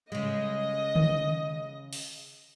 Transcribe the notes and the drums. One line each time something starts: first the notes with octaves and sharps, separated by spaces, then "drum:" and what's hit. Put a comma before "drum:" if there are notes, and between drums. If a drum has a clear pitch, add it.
C#3 G#3 D#5
drum: tom D3
drum: open hi-hat